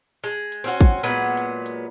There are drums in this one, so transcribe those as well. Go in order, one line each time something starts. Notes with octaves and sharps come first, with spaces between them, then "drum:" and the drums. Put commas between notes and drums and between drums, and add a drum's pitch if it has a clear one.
G#3, drum: hi-hat
drum: hi-hat
C4 C#4 F#4
drum: kick, hi-hat
A#2 F#3 G#3 B3
drum: hi-hat
drum: hi-hat